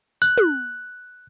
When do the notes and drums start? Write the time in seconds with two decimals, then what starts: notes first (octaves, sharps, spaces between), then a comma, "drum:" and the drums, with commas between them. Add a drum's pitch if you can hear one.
0.22 F#6, drum: tambourine
0.38 drum: tom